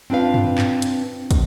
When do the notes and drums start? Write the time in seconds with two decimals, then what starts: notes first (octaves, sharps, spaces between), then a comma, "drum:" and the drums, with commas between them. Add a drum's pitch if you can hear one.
0.10 C4 D4 F4 B4 F5
0.34 drum: tom F#2
0.58 drum: clap
0.82 drum: hi-hat
1.31 drum: kick, hi-hat